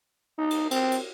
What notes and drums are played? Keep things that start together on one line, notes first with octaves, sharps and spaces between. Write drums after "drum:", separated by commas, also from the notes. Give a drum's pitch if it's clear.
D#4
drum: cymbal
C4, drum: cymbal
drum: cymbal